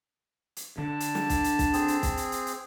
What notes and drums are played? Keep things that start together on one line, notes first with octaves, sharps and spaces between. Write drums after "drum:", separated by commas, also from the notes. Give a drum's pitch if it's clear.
drum: hi-hat
D3 A5
drum: hi-hat
drum: snare
drum: kick, hi-hat
drum: hi-hat
drum: kick, hi-hat
C4 G#4, drum: hi-hat
drum: hi-hat
drum: kick, hi-hat
drum: hi-hat
drum: hi-hat
drum: hi-hat